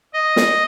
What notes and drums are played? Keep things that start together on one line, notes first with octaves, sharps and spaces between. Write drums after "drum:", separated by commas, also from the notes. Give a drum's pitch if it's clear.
D#5
drum: snare